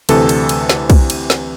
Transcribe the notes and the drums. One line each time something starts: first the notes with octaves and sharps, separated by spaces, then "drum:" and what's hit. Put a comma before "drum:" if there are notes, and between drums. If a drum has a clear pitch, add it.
D2 C3 E3 A4, drum: cymbal
drum: cymbal
drum: cymbal
drum: snare
drum: kick, cymbal
drum: cymbal
drum: snare